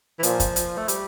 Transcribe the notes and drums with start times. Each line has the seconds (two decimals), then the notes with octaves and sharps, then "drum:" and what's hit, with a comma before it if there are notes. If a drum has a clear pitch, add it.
0.19 E3
0.23 A#2 F3, drum: hi-hat
0.40 drum: kick, hi-hat
0.56 drum: hi-hat
0.77 A3
0.88 G3, drum: hi-hat